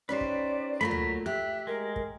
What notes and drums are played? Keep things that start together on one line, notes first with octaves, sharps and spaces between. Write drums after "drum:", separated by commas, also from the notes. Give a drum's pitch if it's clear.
C#4 D#4 G4 B4 C5 D5
drum: kick
F#3 A3 A#3 F4 A#4 B5
drum: tom D2
G4 E5 F#6
G#3 A#4
drum: kick